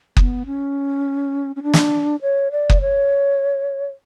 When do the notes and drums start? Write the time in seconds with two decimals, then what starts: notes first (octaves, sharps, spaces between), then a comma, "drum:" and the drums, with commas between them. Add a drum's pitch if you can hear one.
0.17 B3, drum: kick F#1
0.46 C#4
1.56 C#4
1.63 D4
1.74 drum: snare
2.22 C#5
2.52 D5
2.70 drum: kick F#1
2.81 C#5